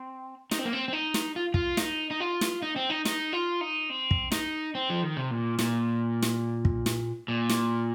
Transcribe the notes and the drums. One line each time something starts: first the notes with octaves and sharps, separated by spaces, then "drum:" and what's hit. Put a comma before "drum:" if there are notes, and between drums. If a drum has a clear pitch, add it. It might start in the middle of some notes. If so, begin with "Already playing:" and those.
Already playing: C4
D#4, drum: snare
C4
A#3
C4
C4
D#4
drum: snare
F4
F4, drum: kick
D#4, drum: snare
D#4
F4
drum: snare
D#4
C4
D#4
D#4, drum: snare
F4
D#4
C4
drum: kick
D#4, drum: snare
C4
F3
D#3
C3
A#2
A#2, drum: snare
drum: snare
drum: kick
drum: snare
A#2
drum: snare